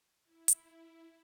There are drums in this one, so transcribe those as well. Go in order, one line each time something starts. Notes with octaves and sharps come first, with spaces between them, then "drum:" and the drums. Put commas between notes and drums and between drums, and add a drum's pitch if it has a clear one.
E4
drum: hi-hat